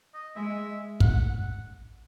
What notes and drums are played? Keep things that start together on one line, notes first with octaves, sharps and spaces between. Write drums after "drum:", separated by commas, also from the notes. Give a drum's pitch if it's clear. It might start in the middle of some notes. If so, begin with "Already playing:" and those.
D#5
G#3 E5
F#5, drum: kick